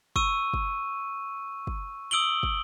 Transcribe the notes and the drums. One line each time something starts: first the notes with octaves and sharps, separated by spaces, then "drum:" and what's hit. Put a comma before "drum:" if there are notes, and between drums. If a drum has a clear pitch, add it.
C#6 E6 D#7, drum: kick
drum: kick
drum: kick
D#6 E6 D7 F#7 G7
drum: kick